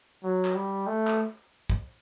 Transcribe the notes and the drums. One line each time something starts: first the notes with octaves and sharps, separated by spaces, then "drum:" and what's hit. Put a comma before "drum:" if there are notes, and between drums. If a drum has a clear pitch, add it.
F#3
drum: clap
G3
A3
drum: clap
drum: kick